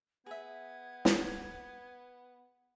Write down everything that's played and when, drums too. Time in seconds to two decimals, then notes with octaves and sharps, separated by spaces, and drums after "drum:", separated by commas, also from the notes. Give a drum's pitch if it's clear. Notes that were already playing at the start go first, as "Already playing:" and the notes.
0.26 B3 G#4 E5 G#6
1.05 drum: snare